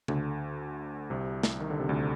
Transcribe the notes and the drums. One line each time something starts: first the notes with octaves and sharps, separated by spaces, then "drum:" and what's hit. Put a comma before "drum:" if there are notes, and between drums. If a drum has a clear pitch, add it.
D2 D3, drum: tom C#3
C2 C3
drum: snare
D#3
D3
C3
D2 D3